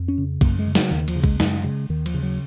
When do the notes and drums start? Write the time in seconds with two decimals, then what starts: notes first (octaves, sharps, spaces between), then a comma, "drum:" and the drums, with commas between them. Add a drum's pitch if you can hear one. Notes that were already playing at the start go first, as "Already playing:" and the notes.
Already playing: F2
0.08 C#4
0.18 C#3
0.41 F#2 A#3, drum: kick A#1, cymbal
0.59 G#3
0.67 C#3
0.75 F#3, drum: snare
0.91 D#2 D#3
1.08 F3, drum: cymbal
1.16 C#3
1.24 G#3, drum: kick A#1
1.40 F#2 G#3, drum: snare
1.64 C#3
1.89 D#2 D#3
2.06 F3, drum: cymbal
2.14 C#3
2.23 F#3